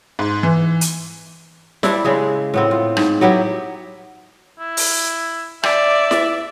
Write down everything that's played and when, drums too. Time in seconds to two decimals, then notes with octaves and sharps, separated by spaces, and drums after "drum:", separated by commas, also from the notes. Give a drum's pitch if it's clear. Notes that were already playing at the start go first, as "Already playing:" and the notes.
0.19 G#2
0.43 E3
0.81 drum: hi-hat
1.83 G3 C4 D4 E4, drum: snare E4
2.04 C#3 G#3 G#4
2.54 A2 B3 C4
2.71 F4
2.97 G#2, drum: rim click
3.21 F#3 B3 E4 G4
4.59 E4
4.77 drum: open hi-hat
5.63 D5 E5, drum: rim click
6.11 drum: snare E4